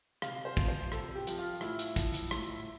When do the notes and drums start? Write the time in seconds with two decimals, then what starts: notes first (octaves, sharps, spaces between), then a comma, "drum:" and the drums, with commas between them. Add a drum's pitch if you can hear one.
0.22 C3 F5, drum: rim click
0.45 C5
0.57 F3, drum: kick
0.68 C5
0.92 C3 A4, drum: rim click
1.15 G4
1.27 F3, drum: hi-hat
1.39 F4
1.61 A2 E4, drum: rim click
1.79 drum: hi-hat
1.96 F3, drum: kick, hi-hat
2.14 drum: hi-hat
2.31 A2, drum: rim click